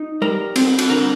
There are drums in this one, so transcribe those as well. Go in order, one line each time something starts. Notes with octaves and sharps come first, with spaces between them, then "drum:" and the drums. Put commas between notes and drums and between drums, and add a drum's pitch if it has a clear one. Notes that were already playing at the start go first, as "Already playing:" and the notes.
Already playing: D#4
G3 A#4
C4, drum: cymbal
drum: cymbal
D3 A#4